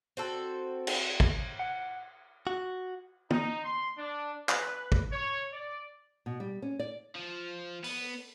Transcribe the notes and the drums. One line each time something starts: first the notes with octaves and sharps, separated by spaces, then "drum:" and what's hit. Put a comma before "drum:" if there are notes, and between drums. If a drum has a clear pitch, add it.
C4 F#4 A4
drum: cymbal
drum: kick
F#5
F#4
D#4, drum: tom
C6
D4
B4, drum: clap
drum: kick
C#5
D5
B2
G3
C#4
D5
F3
B3, drum: open hi-hat